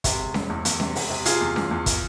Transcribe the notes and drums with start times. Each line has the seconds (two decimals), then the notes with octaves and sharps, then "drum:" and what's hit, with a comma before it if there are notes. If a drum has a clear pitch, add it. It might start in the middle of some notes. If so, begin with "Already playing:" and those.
0.04 C3, drum: kick, hi-hat
0.19 E1
0.34 E1, drum: snare C#4
0.50 E2
0.65 E2, drum: hi-hat
0.80 C3, drum: snare C#4
0.96 E1, drum: open hi-hat
1.10 C3
1.25 C3 F4 G#4, drum: hi-hat
1.41 E2
1.56 E2, drum: snare C#4
1.71 E2
1.86 drum: kick, hi-hat